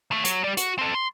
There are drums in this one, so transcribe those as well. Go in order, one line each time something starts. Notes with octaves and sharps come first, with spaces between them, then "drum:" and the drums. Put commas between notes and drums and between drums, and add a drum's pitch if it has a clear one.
D#2 A3
F#3, drum: hi-hat
G3 D5
F#4, drum: hi-hat
C4 A4
C6